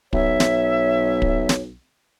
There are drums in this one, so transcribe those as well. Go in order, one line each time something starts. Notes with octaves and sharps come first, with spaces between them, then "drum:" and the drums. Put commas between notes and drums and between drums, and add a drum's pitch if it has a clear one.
B1 C#5 E5, drum: kick
drum: snare
drum: kick
drum: snare